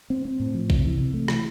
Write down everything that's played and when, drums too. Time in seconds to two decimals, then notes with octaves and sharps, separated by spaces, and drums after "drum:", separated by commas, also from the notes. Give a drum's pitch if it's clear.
0.10 C4
0.25 C4
0.40 A2
0.55 F3
0.70 C3, drum: kick A#1
0.85 E3
1.00 C3
1.14 A3
1.28 E3, drum: rim click